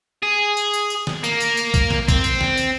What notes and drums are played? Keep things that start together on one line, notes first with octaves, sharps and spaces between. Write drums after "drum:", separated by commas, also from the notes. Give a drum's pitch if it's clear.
G#4
drum: tambourine
drum: tambourine
drum: tambourine
drum: snare
A#3, drum: tambourine
drum: tambourine
drum: tambourine
drum: kick A#1, tambourine
drum: snare
C4, drum: kick A#1, tambourine
drum: tambourine
drum: snare
drum: tambourine